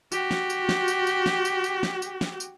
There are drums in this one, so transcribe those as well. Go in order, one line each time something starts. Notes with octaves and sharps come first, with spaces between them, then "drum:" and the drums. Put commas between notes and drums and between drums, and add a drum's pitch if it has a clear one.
F#4 G4, drum: tambourine
drum: snare
drum: tambourine
drum: snare
drum: tambourine
drum: tambourine
drum: snare
drum: tambourine
drum: tambourine
drum: snare
drum: tambourine
drum: snare
drum: tambourine